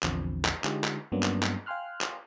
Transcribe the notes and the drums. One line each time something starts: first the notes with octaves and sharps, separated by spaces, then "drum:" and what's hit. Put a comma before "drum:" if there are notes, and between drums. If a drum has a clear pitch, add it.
A#1 E2 D3 F3 C4, drum: clap
drum: clap
D3 G#3 D#4 F4 G4 G#4, drum: clap
drum: clap
G2 F#3 A#3 B3 C#4 D4
drum: clap
drum: clap
F5 G5 G#5 C6 F6 F#6
drum: clap